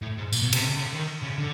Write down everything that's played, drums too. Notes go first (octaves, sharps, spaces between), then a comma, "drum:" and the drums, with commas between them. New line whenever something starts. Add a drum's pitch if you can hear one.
A2
G#2
A#2, drum: tambourine
B2
C3, drum: cymbal
C#3
C#3
D#3
C#3
D3